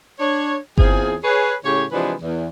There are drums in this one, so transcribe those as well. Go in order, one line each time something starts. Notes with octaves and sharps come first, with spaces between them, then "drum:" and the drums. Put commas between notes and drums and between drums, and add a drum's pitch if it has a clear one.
D4 C#5
E2 C4 F4 G#4, drum: kick G1
G#4 B4 C#5
A2 C#3 G4 C#5
C3 E3 F3 G#3 D4 B4
E2